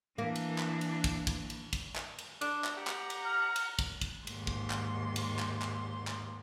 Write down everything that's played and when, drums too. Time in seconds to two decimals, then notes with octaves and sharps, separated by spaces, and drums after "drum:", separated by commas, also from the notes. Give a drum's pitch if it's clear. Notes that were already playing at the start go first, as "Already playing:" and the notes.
0.18 E3 A#3 D4
0.35 drum: cymbal
0.58 drum: clap
0.81 drum: cymbal
1.04 drum: kick, cymbal
1.27 drum: kick, cymbal
1.50 drum: cymbal
1.73 drum: kick, cymbal
1.96 drum: clap
2.18 drum: cymbal
2.41 D4, drum: cymbal
2.64 drum: clap
2.77 G4 F#5 A#5
2.87 drum: clap
3.10 drum: cymbal
3.25 F6
3.56 drum: cymbal
3.79 drum: kick, cymbal
4.01 drum: kick, cymbal
4.27 D#2 G#2 C6, drum: cymbal
4.47 drum: kick
4.70 drum: clap
5.16 drum: cymbal
5.39 drum: clap
5.62 drum: clap
6.07 drum: clap